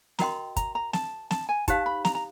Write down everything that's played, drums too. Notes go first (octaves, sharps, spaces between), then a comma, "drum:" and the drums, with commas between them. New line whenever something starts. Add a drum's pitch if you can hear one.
F#4 A#4 D#5 G5 A#5 C6, drum: snare
A#5, drum: kick, hi-hat
A#5
A5, drum: snare
A5, drum: snare
G#5
D#4 G4 C5 F5 A5, drum: kick, hi-hat
B5
A#5, drum: snare
A#5